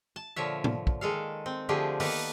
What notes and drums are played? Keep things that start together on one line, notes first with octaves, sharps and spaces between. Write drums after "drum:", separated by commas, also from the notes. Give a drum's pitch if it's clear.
A5
A#2 D3 F3 C#5 E5
drum: tom A2
drum: kick
D#3 G#3 A4 F5
C4
D3 F3 A3 G4 G#4
D#3 A#3 B3 A4 B4 A5, drum: open hi-hat